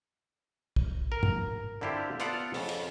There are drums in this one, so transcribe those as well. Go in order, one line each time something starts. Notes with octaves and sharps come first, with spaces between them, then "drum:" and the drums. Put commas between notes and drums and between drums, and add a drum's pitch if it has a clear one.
drum: kick
A#4
drum: tom
D3 C4 E4 F4 G4
B3 F4 A4 D5 F5 F#5, drum: hi-hat
F2 C#3, drum: open hi-hat
drum: cymbal